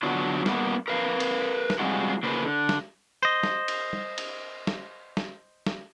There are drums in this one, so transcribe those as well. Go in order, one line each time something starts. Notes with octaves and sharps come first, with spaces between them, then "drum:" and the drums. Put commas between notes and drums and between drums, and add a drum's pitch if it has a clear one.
D3 F#3 B3 D4 F4
G3 A#3 B3, drum: snare
A#4 B4 F5
drum: cymbal
drum: snare
G3 G#3 C4 F4 F#5
C#3 A#3 F4 B4 C5
D3
drum: snare
C5 D#5
drum: snare
drum: cymbal
drum: tom
drum: cymbal
drum: snare
drum: snare
drum: snare